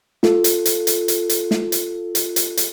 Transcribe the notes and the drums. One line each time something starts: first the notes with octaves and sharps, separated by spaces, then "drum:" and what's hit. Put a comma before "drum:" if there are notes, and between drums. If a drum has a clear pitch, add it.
F4 A4, drum: snare
drum: hi-hat
drum: hi-hat
drum: hi-hat
drum: hi-hat
drum: hi-hat
drum: snare
drum: hi-hat
drum: hi-hat
drum: hi-hat
drum: hi-hat